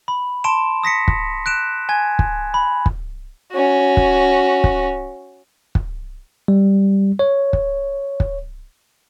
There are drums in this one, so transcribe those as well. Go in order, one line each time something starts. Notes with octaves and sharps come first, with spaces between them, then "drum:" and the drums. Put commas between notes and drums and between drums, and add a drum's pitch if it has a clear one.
B5
A5 C6 D7 E7
D#6 A#6 B6 C#7
drum: kick
F#6 D7 E7
G#5 G#6
drum: kick
B5
drum: kick
C#4 F#4
drum: kick
drum: kick
drum: kick
G3
C#5
drum: kick
drum: kick